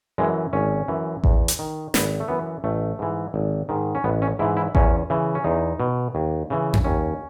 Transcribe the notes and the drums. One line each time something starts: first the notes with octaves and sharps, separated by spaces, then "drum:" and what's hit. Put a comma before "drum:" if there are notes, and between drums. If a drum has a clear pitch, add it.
F#2 E3 G#3
G#1 C#4
F#2 E3
E2, drum: kick A1
drum: hi-hat
D#3
G#1 B3, drum: snare
A3
F#2 E3 B3
A1 A3
G#2 E3
G#1
G#2 D#3
C#4
A1 B3
C#4
G#2 E3 E4
E4
E2 C#4, drum: kick A1
C#3 E3
C#4
E2 D#4
B2
D#2
C#3 E3
drum: tom F2
D#2 C#4